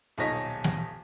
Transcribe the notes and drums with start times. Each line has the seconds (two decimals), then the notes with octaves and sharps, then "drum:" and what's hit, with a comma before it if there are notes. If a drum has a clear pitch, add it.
0.18 D#1 B1 D#4 C#5 A#6 B6
0.64 drum: snare